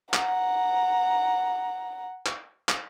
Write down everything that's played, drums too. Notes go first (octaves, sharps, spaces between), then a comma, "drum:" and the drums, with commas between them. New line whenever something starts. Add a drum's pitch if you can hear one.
F#5 A#5, drum: clap
drum: clap
drum: clap